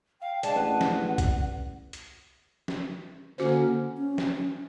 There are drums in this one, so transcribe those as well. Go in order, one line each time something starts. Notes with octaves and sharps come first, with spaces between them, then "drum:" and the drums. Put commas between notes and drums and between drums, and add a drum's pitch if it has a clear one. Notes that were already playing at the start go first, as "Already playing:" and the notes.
F5 G5
G#3 D4 A5, drum: hi-hat
A1 B4 F#5
drum: snare
drum: kick, hi-hat
drum: hi-hat
drum: snare
D3 A#3 C#4 F#4 C5
C#4
drum: snare